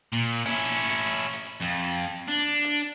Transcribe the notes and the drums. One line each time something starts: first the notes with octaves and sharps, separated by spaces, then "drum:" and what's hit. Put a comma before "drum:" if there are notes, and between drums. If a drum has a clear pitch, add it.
A#2
C#4 E4, drum: hi-hat
drum: hi-hat
drum: hi-hat
F2
D4
drum: hi-hat